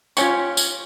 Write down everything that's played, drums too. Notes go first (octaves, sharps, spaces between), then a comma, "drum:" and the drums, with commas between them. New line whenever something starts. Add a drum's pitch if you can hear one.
C#4 F4 G4 C#5 C#6, drum: tambourine
drum: tambourine